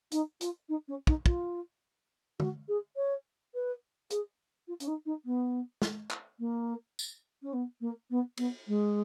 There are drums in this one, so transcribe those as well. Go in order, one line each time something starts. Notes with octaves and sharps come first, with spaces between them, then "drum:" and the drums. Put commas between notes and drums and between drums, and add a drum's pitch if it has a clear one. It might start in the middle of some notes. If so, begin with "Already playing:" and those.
D#4, drum: hi-hat
F4, drum: hi-hat
D#4
C#4
D#4, drum: kick
F4, drum: kick
F#4, drum: tom
G#4
C#5
B4
G#4, drum: hi-hat
F4
C#4, drum: hi-hat
D#4
D#4
B3
drum: snare
drum: clap
A#3
drum: tambourine
C#4
B3
A#3
B3
B3, drum: cymbal
G#3